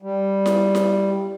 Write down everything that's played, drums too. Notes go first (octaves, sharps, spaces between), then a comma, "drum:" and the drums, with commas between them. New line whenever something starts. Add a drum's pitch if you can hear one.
G3
drum: snare E4
drum: snare E4